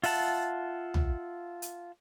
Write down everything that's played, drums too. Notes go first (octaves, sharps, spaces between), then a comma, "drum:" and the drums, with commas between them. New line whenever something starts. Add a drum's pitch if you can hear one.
F4 E5 F#5 A5, drum: open hi-hat
drum: tom B1
drum: hi-hat